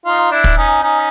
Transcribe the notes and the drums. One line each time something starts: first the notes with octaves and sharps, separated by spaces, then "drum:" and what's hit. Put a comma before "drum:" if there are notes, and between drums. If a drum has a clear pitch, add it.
D#4 F4
D4 E4
drum: kick
C#4 D#4
C#4 D#4